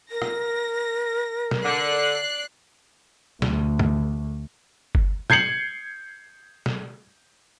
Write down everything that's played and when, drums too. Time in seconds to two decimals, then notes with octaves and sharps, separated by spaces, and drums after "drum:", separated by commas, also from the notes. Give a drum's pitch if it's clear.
0.12 A#4 A#6
0.22 drum: rim click
1.51 drum: snare
1.65 D3 D5 F#6 C7
3.42 D2, drum: snare
3.79 drum: tom
4.95 drum: kick G1
5.30 G6 G#6 C7 C#7 F#7, drum: snare
6.66 drum: snare